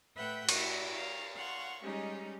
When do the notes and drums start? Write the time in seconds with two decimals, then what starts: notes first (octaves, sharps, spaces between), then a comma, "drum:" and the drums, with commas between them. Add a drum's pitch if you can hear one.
0.17 A2 B4 E5 F#5 G5 G6
0.49 E4 F#4, drum: cymbal
0.95 F5
1.34 F5 F#5 C6 C#6
1.83 G3 G#3 C#4 D#4 G4